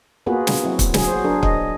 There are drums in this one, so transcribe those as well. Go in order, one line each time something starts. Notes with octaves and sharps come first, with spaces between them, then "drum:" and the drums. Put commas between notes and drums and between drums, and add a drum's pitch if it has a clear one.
A#3 B3 F4 F#4 G#4 B4
drum: snare
F#3 C4 E4 F#4
drum: kick, hi-hat
F#3 G#4, drum: snare
F#4 C5
F#3 D4 G#4 A#4
D#5, drum: kick